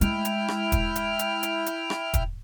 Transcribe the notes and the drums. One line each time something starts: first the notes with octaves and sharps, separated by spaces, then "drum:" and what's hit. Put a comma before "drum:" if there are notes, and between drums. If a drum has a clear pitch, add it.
G#3 E4 G5 F6, drum: hi-hat
drum: hi-hat
drum: rim click
drum: kick, hi-hat
drum: hi-hat
drum: hi-hat
drum: hi-hat
drum: hi-hat
drum: rim click
drum: kick, hi-hat